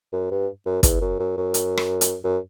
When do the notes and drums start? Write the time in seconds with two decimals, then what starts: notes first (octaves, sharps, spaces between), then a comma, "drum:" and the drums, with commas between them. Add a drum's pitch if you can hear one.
0.13 F#2
0.31 G2
0.66 F#2
0.83 E2, drum: kick, hi-hat
1.01 F#2
1.19 F#2
1.37 F#2
1.54 drum: hi-hat
1.77 drum: rim click
2.01 drum: hi-hat
2.24 F#2